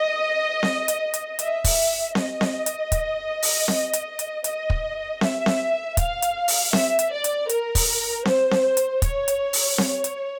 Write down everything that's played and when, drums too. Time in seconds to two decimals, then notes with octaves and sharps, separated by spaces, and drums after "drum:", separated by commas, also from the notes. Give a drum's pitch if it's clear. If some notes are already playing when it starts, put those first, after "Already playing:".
Already playing: D#5
0.63 drum: snare C4
0.88 drum: hi-hat
1.14 drum: hi-hat
1.39 E5, drum: hi-hat
1.64 drum: kick, open hi-hat
2.15 D#5, drum: snare C4
2.41 drum: snare C4
2.66 drum: hi-hat
2.92 drum: kick, hi-hat
3.43 drum: open hi-hat
3.68 drum: snare C4
3.93 drum: hi-hat
4.19 drum: hi-hat
4.44 D#5, drum: hi-hat
4.70 drum: kick
5.21 E5, drum: snare C4
5.46 drum: snare C4
5.97 F5, drum: kick, hi-hat
6.22 drum: hi-hat
6.48 drum: open hi-hat
6.73 E5, drum: snare C4
6.99 drum: hi-hat
7.11 D5
7.24 drum: hi-hat
7.49 A#4, drum: hi-hat
7.75 drum: kick, open hi-hat
8.25 C5, drum: snare C4
8.51 drum: snare C4
8.77 drum: hi-hat
9.02 C#5, drum: kick, hi-hat
9.28 drum: hi-hat
9.53 drum: open hi-hat
9.78 C#5, drum: snare C4
10.04 drum: hi-hat